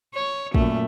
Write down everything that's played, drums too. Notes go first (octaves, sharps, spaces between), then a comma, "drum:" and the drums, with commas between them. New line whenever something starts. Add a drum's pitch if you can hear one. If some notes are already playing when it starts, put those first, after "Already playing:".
C#5
F#2 A#2 A3, drum: kick